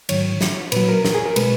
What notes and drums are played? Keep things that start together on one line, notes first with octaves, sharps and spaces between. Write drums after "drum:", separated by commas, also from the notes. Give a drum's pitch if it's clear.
G#2 D#3 F#3 C#5, drum: cymbal
drum: snare
A#2 F#3 B4, drum: cymbal
A#4
A#4, drum: snare
G#4
A#4
B2 G#3 B4, drum: cymbal